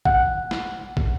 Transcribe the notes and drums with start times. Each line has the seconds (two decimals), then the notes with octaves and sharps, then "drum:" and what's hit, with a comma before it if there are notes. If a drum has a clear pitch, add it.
0.05 F#5, drum: kick
0.51 drum: snare
0.97 drum: kick